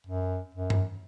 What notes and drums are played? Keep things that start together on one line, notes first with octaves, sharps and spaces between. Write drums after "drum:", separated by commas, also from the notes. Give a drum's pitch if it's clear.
F#2
F#2
drum: tom G2